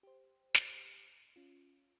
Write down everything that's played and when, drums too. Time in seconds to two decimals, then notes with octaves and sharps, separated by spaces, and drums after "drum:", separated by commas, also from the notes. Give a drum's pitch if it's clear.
0.03 G4 C5
0.55 drum: snare
1.36 C#4 F4